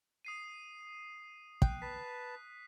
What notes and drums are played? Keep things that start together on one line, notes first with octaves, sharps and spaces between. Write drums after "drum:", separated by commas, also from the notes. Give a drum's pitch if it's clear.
D#6 C7 D#7
G5 F#6, drum: kick
B4 A5 B6